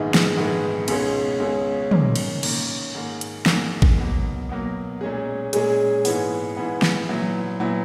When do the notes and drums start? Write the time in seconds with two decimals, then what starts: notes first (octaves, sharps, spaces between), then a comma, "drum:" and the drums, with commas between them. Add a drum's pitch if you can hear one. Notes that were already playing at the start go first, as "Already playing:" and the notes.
Already playing: A#1 G#2 D#3 G#3 B3
0.14 drum: snare
0.37 A#1 G#2 D#3 G#3 B3
0.88 C#2 B2 G#3 C#4, drum: cymbal
1.40 C#2 B2 G#3 C#4
1.91 D#3 A#3 C#4, drum: tom
2.16 drum: cymbal
2.43 D#3 A#3 C#4, drum: cymbal
2.95 G#2 D#3 A#3
3.21 drum: hi-hat
3.46 G#2 D#3 A#3, drum: snare
3.82 drum: kick A1
3.98 B2 F#3 A#3
4.49 B2 F#3 A#3
5.01 A#2 G#3 C#4 G#4
5.53 A#2 G#3 C#4 G#4, drum: hi-hat
6.05 G#2 E3 B3, drum: open hi-hat
6.57 G#2 E3 B3
6.82 drum: snare
7.08 A#2 F#3 B3 E4
7.60 A#2 F#3 B3 E4